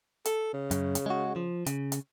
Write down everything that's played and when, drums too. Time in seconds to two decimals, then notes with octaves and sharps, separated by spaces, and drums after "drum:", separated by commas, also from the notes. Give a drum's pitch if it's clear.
0.25 A4, drum: hi-hat
0.53 C#3
0.71 F#2, drum: hi-hat
0.95 drum: hi-hat
1.06 G#3 F#4
1.36 F3
1.66 C#3, drum: hi-hat
1.92 drum: hi-hat